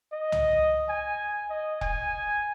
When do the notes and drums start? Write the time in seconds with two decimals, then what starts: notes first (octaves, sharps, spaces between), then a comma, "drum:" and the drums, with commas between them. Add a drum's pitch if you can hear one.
0.12 D#5
0.32 drum: tom C2
0.89 G#5
1.50 D#5
1.81 G#5, drum: kick E1